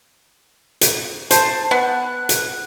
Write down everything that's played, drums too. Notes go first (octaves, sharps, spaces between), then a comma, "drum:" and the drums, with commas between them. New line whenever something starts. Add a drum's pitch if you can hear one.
drum: hi-hat
C5 A5, drum: hi-hat
B3 F#6
drum: hi-hat